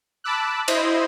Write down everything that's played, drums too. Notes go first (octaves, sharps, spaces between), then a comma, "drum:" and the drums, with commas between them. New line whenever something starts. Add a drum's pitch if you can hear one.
A5 B5 D6 E6 F#6
E4 C5 D#5, drum: cymbal